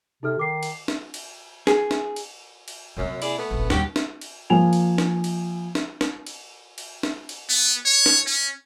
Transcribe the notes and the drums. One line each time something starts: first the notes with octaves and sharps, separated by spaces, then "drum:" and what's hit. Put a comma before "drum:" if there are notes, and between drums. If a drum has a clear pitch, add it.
C3 D#4 A4 F6
D#3 D6 C7
drum: cymbal
drum: snare
drum: cymbal
G#4, drum: snare
drum: snare
drum: cymbal
drum: cymbal
F#2 C3 A#3
E4 G#4 D5, drum: cymbal
A3 B3
F1 A#1
D#2 G3 F#4 G4, drum: snare
drum: snare
drum: cymbal
F3 A#3 G#5 F7
drum: cymbal
drum: snare
drum: cymbal
drum: snare
drum: snare
drum: cymbal
drum: cymbal
drum: snare
drum: cymbal
B3
C#5
drum: snare
C#4